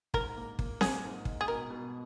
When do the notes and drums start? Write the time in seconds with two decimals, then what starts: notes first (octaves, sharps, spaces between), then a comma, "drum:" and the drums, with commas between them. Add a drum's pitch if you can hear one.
0.14 G#2 A#4, drum: kick
0.37 A#3
0.59 A#3, drum: kick
0.81 A#3 G#4, drum: snare C4
1.04 G#2
1.25 D#4, drum: kick
1.41 G#4
1.48 B2 A#4
1.70 B2